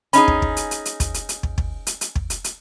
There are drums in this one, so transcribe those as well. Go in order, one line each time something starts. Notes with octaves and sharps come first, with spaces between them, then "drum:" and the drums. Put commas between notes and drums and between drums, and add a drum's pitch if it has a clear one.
C#4 D#4 G#4 B5, drum: hi-hat
drum: kick
drum: kick
drum: hi-hat
drum: hi-hat
drum: hi-hat
drum: kick, hi-hat
drum: hi-hat
drum: hi-hat
drum: kick
drum: kick
drum: hi-hat
drum: hi-hat
drum: kick
drum: hi-hat
drum: hi-hat